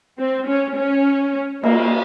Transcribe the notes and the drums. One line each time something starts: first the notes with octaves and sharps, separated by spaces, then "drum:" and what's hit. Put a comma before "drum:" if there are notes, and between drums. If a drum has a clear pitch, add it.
C4
C#4
C#4
A#3, drum: cymbal